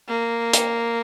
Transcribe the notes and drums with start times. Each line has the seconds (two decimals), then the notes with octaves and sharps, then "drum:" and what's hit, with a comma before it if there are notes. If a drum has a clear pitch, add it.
0.08 A#3
0.53 drum: hi-hat